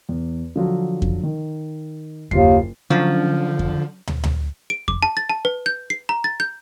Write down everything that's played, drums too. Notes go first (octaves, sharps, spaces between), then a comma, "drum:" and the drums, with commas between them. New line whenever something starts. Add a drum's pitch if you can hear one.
E2
D3 F3 F#3
drum: kick F2
D#3
F#1 D#2 F4 C7, drum: kick F2
D3 F3 F#3 C#4 D4
drum: kick F2
drum: tom
drum: tom
D7
D6, drum: kick F2
A5
A6
A5
B4
G6
C7
A#5
A6
G6